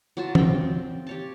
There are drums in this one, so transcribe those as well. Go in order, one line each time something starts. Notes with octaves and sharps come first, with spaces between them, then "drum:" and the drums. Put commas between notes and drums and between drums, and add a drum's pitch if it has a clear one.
F#3 F4 A5
C4 G5, drum: tom
G4 C#5 A5